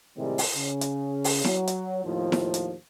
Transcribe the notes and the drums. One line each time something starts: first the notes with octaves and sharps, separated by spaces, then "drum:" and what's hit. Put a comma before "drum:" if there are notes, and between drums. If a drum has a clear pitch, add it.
A2 C3 D#3 G3 G#3
drum: open hi-hat
C#3
drum: hi-hat
drum: open hi-hat
F#3, drum: snare E4
drum: hi-hat
D#2 A2 F3
drum: snare E4
drum: hi-hat